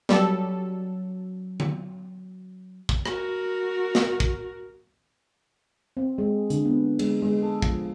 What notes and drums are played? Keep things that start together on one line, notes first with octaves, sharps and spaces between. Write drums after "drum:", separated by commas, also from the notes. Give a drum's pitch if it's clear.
F#3 G3 A4, drum: snare
drum: tom D3
drum: kick
F#4 A#4, drum: rim click
drum: snare
drum: kick
C4
G#3
D3, drum: hi-hat
B3
G#3, drum: cymbal
G#3
A4
F3, drum: kick